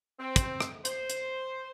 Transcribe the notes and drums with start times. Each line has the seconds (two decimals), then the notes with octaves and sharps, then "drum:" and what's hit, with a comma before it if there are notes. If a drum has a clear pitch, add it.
0.20 C4
0.36 drum: kick, hi-hat
0.60 drum: rim click
0.85 C5, drum: hi-hat
1.10 drum: hi-hat